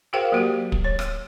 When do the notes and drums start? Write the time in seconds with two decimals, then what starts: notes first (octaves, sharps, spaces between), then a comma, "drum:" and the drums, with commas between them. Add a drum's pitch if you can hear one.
0.13 F#4 G#4 A#4 C5 F5 G5
0.32 F#3 A#3 F#4 G4
0.72 drum: kick
0.84 C#5
0.99 drum: rim click